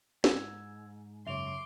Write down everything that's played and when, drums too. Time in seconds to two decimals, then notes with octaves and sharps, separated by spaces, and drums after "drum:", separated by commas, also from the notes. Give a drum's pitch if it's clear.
0.24 G#2 E6 G#6, drum: snare
1.27 F#2 C#3 C#5 E5 C6 D6 F7